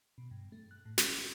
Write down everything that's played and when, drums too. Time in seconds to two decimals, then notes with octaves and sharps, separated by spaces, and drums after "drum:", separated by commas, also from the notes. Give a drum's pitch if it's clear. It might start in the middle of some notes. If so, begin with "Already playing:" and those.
0.18 B2
0.31 G2
0.52 A3
0.71 F#6
0.85 A2
0.98 C#4, drum: snare
1.19 E6